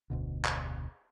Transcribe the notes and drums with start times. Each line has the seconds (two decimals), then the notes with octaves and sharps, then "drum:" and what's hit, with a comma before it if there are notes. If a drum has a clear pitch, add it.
0.10 F1 D2 B2 D3
0.45 drum: clap